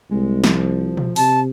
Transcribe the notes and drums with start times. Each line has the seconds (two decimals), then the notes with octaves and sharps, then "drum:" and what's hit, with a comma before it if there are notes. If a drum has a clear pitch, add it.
0.11 C2 G#3
0.44 F3, drum: snare
0.97 drum: tom B2
1.16 C3 A5, drum: open hi-hat